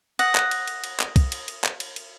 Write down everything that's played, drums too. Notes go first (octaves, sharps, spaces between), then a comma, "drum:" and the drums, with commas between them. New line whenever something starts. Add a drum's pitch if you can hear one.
F#5 D#6 A#6, drum: cymbal
drum: clap
drum: cymbal
drum: cymbal
drum: cymbal
drum: clap
drum: kick, cymbal
drum: cymbal
drum: cymbal
drum: clap
drum: cymbal
drum: cymbal